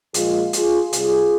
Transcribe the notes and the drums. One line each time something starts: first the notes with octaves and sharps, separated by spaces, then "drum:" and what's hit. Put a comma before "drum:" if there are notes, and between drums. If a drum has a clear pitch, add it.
A#2 F3 G#3 F4 G#4, drum: hi-hat
F4 G#4, drum: hi-hat
C3 G3 F4 G#4, drum: hi-hat